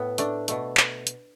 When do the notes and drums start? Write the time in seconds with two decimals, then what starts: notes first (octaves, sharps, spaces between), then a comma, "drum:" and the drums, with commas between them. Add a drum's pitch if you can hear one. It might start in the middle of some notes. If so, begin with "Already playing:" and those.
Already playing: A2 B3
0.18 A3 D4, drum: hi-hat
0.48 B2 A3, drum: hi-hat
0.77 drum: clap
1.07 drum: hi-hat